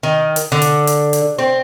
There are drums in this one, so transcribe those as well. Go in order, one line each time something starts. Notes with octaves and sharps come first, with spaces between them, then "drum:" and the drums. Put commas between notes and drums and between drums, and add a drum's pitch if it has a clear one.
D#3
drum: hi-hat
D3
drum: hi-hat
drum: hi-hat
drum: hi-hat
C4